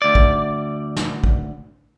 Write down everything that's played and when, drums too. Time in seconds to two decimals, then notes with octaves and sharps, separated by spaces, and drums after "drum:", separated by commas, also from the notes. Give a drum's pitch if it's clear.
0.02 D2 D5
0.15 drum: kick
0.96 drum: snare
1.24 drum: kick